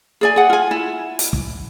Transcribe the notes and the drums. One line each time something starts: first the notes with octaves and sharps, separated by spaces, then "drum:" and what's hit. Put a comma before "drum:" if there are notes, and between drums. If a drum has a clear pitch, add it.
G#4 D5 G#5
G#4 F#5
F4 G#5
E4
drum: hi-hat
drum: kick